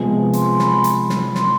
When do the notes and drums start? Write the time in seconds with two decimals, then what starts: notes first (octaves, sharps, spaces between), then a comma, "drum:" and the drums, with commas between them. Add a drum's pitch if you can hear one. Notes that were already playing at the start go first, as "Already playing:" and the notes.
Already playing: C3 F3 G#3 B3 G#5
0.33 C6, drum: hi-hat
0.51 C6
0.59 B5, drum: snare
0.84 drum: hi-hat
1.09 drum: snare
1.35 C6, drum: snare